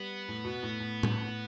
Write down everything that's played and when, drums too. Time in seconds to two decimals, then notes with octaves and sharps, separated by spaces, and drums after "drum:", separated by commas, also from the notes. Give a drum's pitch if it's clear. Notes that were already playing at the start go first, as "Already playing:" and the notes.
Already playing: G3 B3
0.28 A2
0.45 B2
0.63 A2
0.80 A2
1.03 drum: tom A2